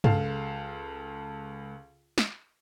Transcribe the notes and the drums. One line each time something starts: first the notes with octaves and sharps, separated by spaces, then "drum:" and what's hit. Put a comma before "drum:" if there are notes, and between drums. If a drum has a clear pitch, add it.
C#2 A4 F5 A5, drum: tom G2
drum: snare